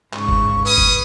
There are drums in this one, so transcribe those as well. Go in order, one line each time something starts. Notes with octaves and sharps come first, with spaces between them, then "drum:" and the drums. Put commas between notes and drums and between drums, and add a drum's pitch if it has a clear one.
G#2 C#3 C#6, drum: clap
drum: kick G1
C#4 B4 D#6
drum: kick G1